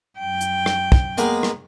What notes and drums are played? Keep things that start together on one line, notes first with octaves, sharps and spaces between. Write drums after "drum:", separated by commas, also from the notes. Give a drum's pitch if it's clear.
F#2 G5
drum: hi-hat
drum: rim click
drum: kick
G#3 A#3 B3, drum: hi-hat
drum: rim click